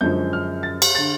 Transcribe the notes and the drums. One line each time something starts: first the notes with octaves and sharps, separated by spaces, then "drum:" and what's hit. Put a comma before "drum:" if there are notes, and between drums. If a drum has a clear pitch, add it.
F#2 D3 F3 G#3 C#4 G6
F6
A6
drum: cymbal
D3 A6